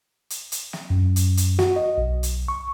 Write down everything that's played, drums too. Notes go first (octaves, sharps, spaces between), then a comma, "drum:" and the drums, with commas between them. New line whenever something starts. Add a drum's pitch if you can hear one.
drum: hi-hat
drum: hi-hat
drum: snare
F#2
drum: hi-hat
drum: hi-hat
F#4, drum: snare
D#5
B1
drum: hi-hat
C#6